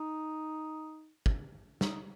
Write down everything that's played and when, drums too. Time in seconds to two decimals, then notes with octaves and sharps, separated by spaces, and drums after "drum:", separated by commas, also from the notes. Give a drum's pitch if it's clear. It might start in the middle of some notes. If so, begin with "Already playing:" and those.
Already playing: D#4
1.26 drum: kick
1.81 D#4, drum: snare